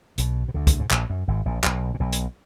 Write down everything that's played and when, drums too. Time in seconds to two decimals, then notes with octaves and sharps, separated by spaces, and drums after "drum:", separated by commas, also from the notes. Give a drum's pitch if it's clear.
0.18 B1 B2, drum: hi-hat
0.48 B2
0.54 D2 D3
0.67 drum: kick, hi-hat
0.79 G#2
0.91 A#1 A#2, drum: clap
1.10 F#2
1.28 G#1 G#2
1.45 A#1 A#2
1.64 B1 B2, drum: clap
1.94 A#2
2.00 B1 B2
2.13 drum: hi-hat